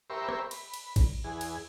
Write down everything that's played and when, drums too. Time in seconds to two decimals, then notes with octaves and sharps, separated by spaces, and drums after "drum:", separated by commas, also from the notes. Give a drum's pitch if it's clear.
0.10 G4 A#4 C5 E5 B5 C#6
0.29 drum: rim click
0.51 B5, drum: cymbal
0.74 drum: cymbal
0.96 drum: kick, cymbal
1.24 E2 G#4
1.41 drum: cymbal